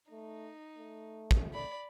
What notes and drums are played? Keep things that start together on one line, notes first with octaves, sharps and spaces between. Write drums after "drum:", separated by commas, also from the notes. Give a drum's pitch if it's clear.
A3 D#4
A3
drum: kick
D5 B5